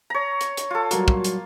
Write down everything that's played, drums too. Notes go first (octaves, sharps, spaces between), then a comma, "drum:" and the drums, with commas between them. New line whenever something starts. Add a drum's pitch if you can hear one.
C#5 A#5
drum: hi-hat
drum: hi-hat
F4 A4
F#3 G3 A#3 F#4, drum: hi-hat
drum: kick
drum: hi-hat